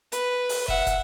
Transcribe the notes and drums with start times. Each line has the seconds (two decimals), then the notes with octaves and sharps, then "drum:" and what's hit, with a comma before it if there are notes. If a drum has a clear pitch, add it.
0.12 B4, drum: hi-hat
0.49 drum: open hi-hat
0.68 E5 F#5, drum: kick
0.86 drum: kick, hi-hat